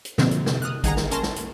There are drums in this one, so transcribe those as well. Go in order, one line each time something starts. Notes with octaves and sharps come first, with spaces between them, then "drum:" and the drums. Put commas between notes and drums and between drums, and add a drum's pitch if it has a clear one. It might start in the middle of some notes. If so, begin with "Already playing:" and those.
drum: hi-hat
B2 D3 F3 A#3 C4, drum: snare
drum: hi-hat
C3, drum: snare
D#6 F6 F#6
G1 D#3 G#4 F#5 G#5 A#5, drum: kick, hi-hat
drum: snare
C#4 A#4 A5 C6 A#6, drum: hi-hat
drum: snare
drum: hi-hat